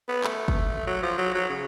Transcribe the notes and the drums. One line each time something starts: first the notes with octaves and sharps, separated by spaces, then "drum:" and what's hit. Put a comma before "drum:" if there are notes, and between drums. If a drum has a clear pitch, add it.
B3
A3, drum: clap
drum: kick
F#3
F3
F#3
F#3
C#3